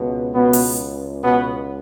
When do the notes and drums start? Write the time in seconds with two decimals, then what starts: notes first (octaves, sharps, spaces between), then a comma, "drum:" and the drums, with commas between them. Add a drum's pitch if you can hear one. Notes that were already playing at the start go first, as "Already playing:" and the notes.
Already playing: C#2 B2
0.34 B2 B3
0.53 drum: open hi-hat
1.23 B2 B3